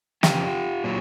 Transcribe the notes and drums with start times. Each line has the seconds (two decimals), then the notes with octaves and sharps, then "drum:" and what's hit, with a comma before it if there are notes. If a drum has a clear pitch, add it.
0.23 F2 C#3 F3 F4 G4, drum: snare
0.84 A#2 F#3